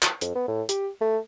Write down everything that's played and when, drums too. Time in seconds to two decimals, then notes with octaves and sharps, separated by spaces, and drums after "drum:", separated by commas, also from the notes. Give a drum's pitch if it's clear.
0.02 drum: clap
0.21 F2, drum: hi-hat
0.35 B3
0.48 A2
0.69 G4, drum: hi-hat
1.01 A3